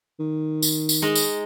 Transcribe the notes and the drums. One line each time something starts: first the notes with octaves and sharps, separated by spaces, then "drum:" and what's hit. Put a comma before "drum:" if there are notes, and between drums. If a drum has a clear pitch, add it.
D#3
drum: tambourine
drum: tambourine
G#3 D#4
drum: tambourine